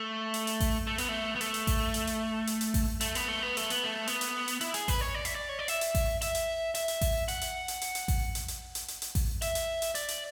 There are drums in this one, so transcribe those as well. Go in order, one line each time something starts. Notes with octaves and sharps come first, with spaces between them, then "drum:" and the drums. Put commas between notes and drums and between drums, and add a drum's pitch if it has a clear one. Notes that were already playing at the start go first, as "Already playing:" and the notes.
Already playing: A3
drum: hi-hat
drum: hi-hat
drum: kick A1, open hi-hat
A3
B3, drum: hi-hat
A3
B3
A3, drum: hi-hat
drum: hi-hat
drum: kick A1, open hi-hat
drum: hi-hat
drum: hi-hat
drum: hi-hat
drum: hi-hat
drum: kick A1, open hi-hat
A3, drum: hi-hat
B3, drum: hi-hat
A3
B3
A3, drum: hi-hat
B3, drum: hi-hat
A3
B3, drum: hi-hat
drum: hi-hat
drum: hi-hat
E4, drum: hi-hat
G#4, drum: hi-hat
B4, drum: kick A1, open hi-hat
C#5
D5
E5, drum: hi-hat
D5
C#5
D5
E5, drum: hi-hat
drum: hi-hat
drum: kick A1, open hi-hat
E5, drum: hi-hat
drum: hi-hat
E5, drum: hi-hat
drum: hi-hat
drum: kick A1, open hi-hat
F#5, drum: hi-hat
drum: hi-hat
drum: hi-hat
drum: hi-hat
drum: hi-hat
drum: kick A1, open hi-hat
drum: hi-hat
drum: hi-hat
drum: hi-hat
drum: hi-hat
drum: hi-hat
drum: kick A1, open hi-hat
E5, drum: hi-hat
drum: hi-hat
drum: hi-hat
D5, drum: hi-hat
drum: hi-hat